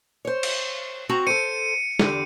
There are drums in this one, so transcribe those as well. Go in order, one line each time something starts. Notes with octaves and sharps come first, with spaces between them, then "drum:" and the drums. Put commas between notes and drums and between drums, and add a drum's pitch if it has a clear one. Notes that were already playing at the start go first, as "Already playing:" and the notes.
C5 C#5
drum: cymbal
C4 F#4 A#5
A4 C5 C#7 D#7
E2 D3 G4, drum: snare